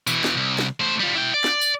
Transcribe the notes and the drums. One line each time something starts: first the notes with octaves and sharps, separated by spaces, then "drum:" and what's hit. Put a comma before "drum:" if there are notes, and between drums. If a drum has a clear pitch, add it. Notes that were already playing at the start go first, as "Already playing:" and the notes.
B2 E3, drum: tambourine
drum: snare
C2
drum: snare
A3 C5
G3 F4
E4 G5
D5
drum: snare
drum: tambourine